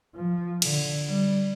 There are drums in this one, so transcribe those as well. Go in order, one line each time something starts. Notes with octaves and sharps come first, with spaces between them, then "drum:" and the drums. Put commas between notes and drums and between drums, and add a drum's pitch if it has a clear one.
F3
D3, drum: cymbal
G3